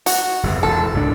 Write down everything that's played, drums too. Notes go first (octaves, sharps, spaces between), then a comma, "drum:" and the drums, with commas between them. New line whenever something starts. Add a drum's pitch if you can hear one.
F#4, drum: hi-hat
G1 F2 C#3
E1 A4
C#2 G#2 D4